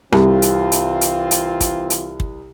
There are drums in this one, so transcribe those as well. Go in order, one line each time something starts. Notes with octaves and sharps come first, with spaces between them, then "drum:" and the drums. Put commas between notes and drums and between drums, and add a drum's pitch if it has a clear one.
C2 E3 C4 F4, drum: rim click
drum: hi-hat
drum: hi-hat
drum: hi-hat
drum: hi-hat
drum: kick, hi-hat
drum: hi-hat
drum: kick